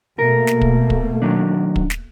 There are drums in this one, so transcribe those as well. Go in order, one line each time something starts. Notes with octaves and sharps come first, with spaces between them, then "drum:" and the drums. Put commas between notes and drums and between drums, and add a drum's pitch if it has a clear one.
B2 A3 A#3 A#4
drum: snare
drum: kick
drum: kick
D#3 F#3 D4
drum: kick
drum: snare